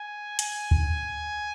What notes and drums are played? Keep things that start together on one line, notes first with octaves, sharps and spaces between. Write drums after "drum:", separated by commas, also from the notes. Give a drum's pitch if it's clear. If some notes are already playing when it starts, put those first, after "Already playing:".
Already playing: G#5
G#5, drum: hi-hat
drum: kick